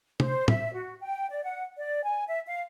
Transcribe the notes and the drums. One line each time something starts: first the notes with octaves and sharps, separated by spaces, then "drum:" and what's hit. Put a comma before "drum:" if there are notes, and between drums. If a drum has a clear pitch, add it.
C5, drum: tom
E5, drum: tom
F#4
G5
D5
F#5
D5
G#5
E5
F5